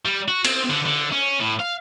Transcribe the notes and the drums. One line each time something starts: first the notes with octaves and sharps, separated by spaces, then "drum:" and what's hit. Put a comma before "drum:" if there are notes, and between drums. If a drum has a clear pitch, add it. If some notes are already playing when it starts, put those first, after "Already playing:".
G3
F#4
C4, drum: cymbal
D3
D3
C#4
A2
F5